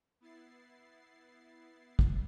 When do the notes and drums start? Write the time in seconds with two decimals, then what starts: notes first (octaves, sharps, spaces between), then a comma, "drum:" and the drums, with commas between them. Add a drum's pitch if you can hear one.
0.20 B3 E4 A6 C7
1.99 drum: kick